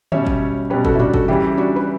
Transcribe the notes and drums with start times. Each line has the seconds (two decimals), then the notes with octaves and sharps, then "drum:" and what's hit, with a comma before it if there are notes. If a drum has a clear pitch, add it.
0.12 B2 G3 C#4 C#5 E5, drum: tom D3
0.27 drum: kick
0.70 B2 G3 C#4 G4 B4
0.85 F#4 A4, drum: kick
0.95 E4
0.99 D4 F#4, drum: tom G#2
1.14 F#4 A4, drum: kick
1.28 C#3 E3 G3 C#4 E4 G4
1.57 D4 F#4
1.76 B4